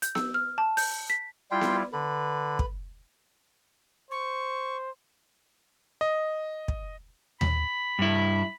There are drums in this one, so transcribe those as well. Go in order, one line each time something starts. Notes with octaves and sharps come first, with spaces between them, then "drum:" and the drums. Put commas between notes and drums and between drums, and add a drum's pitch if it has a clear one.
G6, drum: hi-hat
E6, drum: snare B3
F6
A5
G6, drum: open hi-hat
B6
G3 E4 F4 G5 C6
drum: snare B3
D3 B4
drum: kick
C5 C#6
D#5
drum: kick
B5, drum: tom D#2
G2 E4